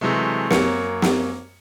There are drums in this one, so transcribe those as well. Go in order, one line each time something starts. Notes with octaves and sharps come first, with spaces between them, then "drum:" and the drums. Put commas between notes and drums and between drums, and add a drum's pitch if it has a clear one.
C3 E3 F#3 G#3 A3
F#2 A#3 C#5 C#7, drum: snare
drum: snare